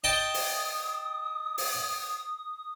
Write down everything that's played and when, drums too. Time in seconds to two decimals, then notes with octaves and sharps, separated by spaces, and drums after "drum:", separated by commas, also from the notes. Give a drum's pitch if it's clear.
0.04 D#5 G5 A5 D#6
0.34 drum: open hi-hat
1.58 drum: open hi-hat